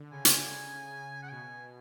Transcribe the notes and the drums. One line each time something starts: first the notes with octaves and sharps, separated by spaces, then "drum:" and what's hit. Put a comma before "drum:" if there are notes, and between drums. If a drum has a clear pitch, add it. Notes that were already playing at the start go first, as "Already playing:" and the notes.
Already playing: D3
C#3 G#5
drum: hi-hat
F#5
B2 G#5